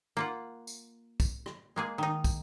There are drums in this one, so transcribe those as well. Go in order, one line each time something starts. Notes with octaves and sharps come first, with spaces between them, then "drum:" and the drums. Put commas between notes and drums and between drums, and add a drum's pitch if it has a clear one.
A#3 F4 F#5
drum: tambourine
drum: kick, tambourine
drum: rim click
G#3 A#3 G#4
D#3 D#4
drum: kick, tambourine